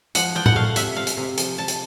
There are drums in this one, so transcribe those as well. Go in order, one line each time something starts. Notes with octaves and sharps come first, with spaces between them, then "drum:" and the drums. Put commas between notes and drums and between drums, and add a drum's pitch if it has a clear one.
F3 F#5, drum: hi-hat
F3 G5
F#5, drum: tom
A3 F5
C3 E5, drum: hi-hat
C3 F5
drum: hi-hat
C3
F3, drum: hi-hat
C3 A5
drum: hi-hat